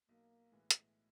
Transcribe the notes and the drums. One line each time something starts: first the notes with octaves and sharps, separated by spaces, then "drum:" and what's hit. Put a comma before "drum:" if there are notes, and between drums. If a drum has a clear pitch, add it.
B1 A#3
A2 E3 G#3 B3
drum: hi-hat